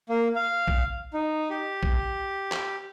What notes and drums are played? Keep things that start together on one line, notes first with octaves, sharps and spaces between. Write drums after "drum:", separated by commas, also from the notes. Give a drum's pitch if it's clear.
A#3
F5
drum: kick A#1
D#4
G4
drum: kick A#1
drum: clap